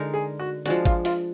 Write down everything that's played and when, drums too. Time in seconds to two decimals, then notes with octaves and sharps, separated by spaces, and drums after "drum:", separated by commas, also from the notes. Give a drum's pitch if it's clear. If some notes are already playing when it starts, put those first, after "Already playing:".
Already playing: D3 G#3 D#4 A#4
0.14 G#4
0.39 F#4
0.66 F3 G#3 D4 F#4, drum: hi-hat
0.85 F4, drum: kick G#1, hi-hat
1.05 F4, drum: open hi-hat